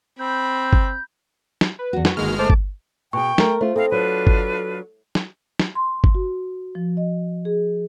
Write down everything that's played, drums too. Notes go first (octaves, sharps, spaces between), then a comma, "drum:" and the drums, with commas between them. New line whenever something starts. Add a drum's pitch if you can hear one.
C4 B5 G6
drum: kick G1
drum: snare
B4
E2 F#4
F#4 B4, drum: snare
G1 D#3 G#3 A#3 G#4 F6
A3 C5 A5 D6
drum: kick G1
B2 G#4 G5 C#6
A3 A#4, drum: snare
A3 F4 C5
C4 E4 A4 F5
F#3 D4 F4 B4
drum: kick G1
drum: snare
drum: snare
C6
drum: kick G1
F#4
F3
D#5
G#4